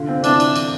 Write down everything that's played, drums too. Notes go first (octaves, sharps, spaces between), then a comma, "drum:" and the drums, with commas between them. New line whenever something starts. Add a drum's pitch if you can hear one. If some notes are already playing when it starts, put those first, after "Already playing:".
Already playing: D3 F4
C4
E3 D4, drum: cymbal
drum: cymbal
drum: cymbal